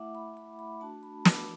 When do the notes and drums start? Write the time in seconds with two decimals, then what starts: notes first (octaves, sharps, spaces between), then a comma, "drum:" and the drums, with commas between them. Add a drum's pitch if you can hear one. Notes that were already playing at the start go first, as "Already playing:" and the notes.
Already playing: A3 E4 E5 F#5 D6
0.15 B5
0.37 B5
0.59 B5
0.80 A3 D4 F#4 A5
1.03 B5
1.25 D6, drum: snare